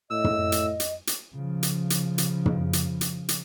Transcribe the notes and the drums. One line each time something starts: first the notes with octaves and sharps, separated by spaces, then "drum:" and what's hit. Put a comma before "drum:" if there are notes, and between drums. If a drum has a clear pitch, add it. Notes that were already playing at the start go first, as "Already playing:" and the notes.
A2 D#5 E6
drum: tom
drum: hi-hat
drum: hi-hat
drum: hi-hat
C#3 F3
drum: hi-hat
drum: hi-hat
drum: hi-hat
drum: tom
drum: hi-hat
drum: hi-hat
drum: hi-hat